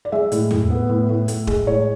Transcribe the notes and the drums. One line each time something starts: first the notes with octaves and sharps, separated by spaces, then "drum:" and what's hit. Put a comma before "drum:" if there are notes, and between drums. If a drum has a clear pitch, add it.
D5
G#3 E5
A2, drum: hi-hat
A2, drum: tom E2
B3
A2
A2
A2, drum: hi-hat
G#3, drum: kick D#1
A2 C#5